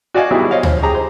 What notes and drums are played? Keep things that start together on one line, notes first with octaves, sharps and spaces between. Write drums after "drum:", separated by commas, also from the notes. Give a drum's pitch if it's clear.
F#4 D5 D#5 F5 F#5 G#5
G#1 B2 F#3 G3 E4 G#4
C5 C#5 D#5 F5
F3, drum: tom D2
G4 G#4 A#5
C5